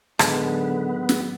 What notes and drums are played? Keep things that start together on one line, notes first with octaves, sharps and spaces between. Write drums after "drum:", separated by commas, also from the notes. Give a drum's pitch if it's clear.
A2 D3 D#3 F#3 G#3 B3, drum: rim click
drum: snare